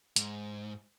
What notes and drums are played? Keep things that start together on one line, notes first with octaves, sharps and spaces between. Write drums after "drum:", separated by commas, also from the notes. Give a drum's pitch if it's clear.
G#2, drum: hi-hat